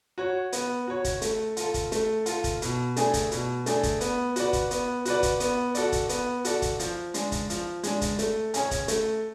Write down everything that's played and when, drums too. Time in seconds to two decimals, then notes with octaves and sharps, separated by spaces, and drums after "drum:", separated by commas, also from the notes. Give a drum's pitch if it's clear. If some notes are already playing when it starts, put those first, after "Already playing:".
0.18 F#4 C#5
0.52 B3, drum: hi-hat
0.87 F#4 C#5
1.04 drum: kick, hi-hat
1.22 A3, drum: hi-hat
1.57 F4 A4, drum: hi-hat
1.74 drum: kick, hi-hat
1.92 A3, drum: hi-hat
2.26 F4 A4, drum: hi-hat
2.44 drum: kick, hi-hat
2.62 B2, drum: hi-hat
2.96 A3 D4 G#4, drum: hi-hat
3.14 drum: kick, hi-hat
3.31 B2, drum: hi-hat
3.66 A3 D4 G#4, drum: hi-hat
3.83 drum: kick, hi-hat
4.01 B3, drum: hi-hat
4.36 F#4 B4 D5, drum: hi-hat
4.53 drum: kick, hi-hat
4.71 B3, drum: hi-hat
5.05 F#4 B4 D5, drum: hi-hat
5.23 drum: kick, hi-hat
5.40 B3, drum: hi-hat
5.75 F#4 A4 D5, drum: hi-hat
5.92 drum: kick, hi-hat
6.09 B3, drum: hi-hat
6.45 F#4 A4 D5, drum: hi-hat
6.62 drum: kick, hi-hat
6.80 F3, drum: hi-hat
7.14 G#3 D4, drum: hi-hat
7.32 drum: kick, hi-hat
7.50 F3, drum: hi-hat
7.83 G#3 D4, drum: hi-hat
8.01 drum: kick, hi-hat
8.19 A3, drum: hi-hat
8.54 C#4 G#4 C#5, drum: hi-hat
8.71 drum: kick, hi-hat
8.88 A3, drum: hi-hat